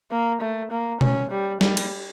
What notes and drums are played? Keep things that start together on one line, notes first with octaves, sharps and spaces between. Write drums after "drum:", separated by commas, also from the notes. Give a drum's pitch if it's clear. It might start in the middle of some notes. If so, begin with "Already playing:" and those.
A#3
A3
A#3
C#4, drum: tom B2
G3
G3, drum: snare
drum: cymbal